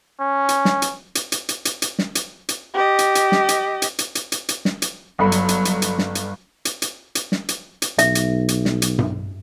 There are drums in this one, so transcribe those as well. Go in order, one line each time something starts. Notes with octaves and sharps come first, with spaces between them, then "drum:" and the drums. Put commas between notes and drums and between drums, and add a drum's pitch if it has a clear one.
C#4
drum: hi-hat
drum: snare
drum: hi-hat
drum: hi-hat
drum: hi-hat
drum: hi-hat
drum: hi-hat
drum: hi-hat
drum: snare
drum: hi-hat
drum: hi-hat
G4 D#5
drum: hi-hat
drum: hi-hat
drum: snare
drum: hi-hat
drum: hi-hat
drum: hi-hat
drum: hi-hat
drum: hi-hat
drum: hi-hat
drum: snare
drum: hi-hat
G1 F#3 A4 B5
drum: hi-hat
drum: hi-hat
drum: hi-hat
drum: hi-hat
drum: snare
drum: hi-hat
drum: hi-hat
drum: hi-hat
drum: hi-hat
drum: snare
drum: hi-hat
drum: hi-hat
B1 E5, drum: hi-hat
drum: hi-hat
drum: hi-hat
drum: snare
drum: hi-hat
drum: tom G2